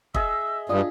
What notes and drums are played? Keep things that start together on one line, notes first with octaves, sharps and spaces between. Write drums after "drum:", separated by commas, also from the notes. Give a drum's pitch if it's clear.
G#4 D#5 E5 E6, drum: kick
G2 D4 F4 D#6